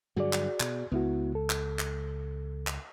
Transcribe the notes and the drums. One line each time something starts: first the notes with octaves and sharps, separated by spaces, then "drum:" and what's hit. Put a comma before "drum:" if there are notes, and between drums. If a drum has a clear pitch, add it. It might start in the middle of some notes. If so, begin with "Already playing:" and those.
G2 D3 F#3 F#4 G#4 D5
drum: clap
B2, drum: clap
C#2 B3 E4 F#4
A4
drum: clap
drum: clap
drum: clap